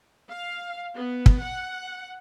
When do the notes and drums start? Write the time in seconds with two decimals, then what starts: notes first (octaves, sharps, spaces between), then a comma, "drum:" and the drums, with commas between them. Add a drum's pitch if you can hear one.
0.31 F5
0.96 B3
1.26 drum: kick
1.42 F#5